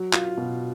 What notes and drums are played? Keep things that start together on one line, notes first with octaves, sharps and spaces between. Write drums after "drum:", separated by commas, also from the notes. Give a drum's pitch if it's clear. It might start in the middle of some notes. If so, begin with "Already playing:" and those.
Already playing: F#3
F4, drum: clap
B2